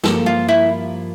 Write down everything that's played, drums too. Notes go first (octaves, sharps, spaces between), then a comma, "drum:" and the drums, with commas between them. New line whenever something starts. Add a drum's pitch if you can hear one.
G2 F3 A#3 A4, drum: snare
F4
E4